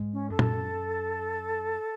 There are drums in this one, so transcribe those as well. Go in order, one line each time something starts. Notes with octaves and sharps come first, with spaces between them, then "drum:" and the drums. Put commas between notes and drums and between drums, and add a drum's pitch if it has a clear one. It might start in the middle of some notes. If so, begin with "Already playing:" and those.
Already playing: G#2
C#4
F#2 A4
drum: tom A#2